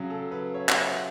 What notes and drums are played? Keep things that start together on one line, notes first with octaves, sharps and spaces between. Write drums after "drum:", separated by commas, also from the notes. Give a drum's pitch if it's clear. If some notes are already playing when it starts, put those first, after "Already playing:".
Already playing: C#3 F#3
A4
B4
C#5
F#5, drum: clap
E5